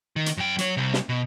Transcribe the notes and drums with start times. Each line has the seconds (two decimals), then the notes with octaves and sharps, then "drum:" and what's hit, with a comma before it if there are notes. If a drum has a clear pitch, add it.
0.16 D#3
0.26 drum: hi-hat
0.37 F#2 G5
0.59 F#3 C#5, drum: hi-hat
0.77 C3 G3
0.94 drum: snare
1.09 B2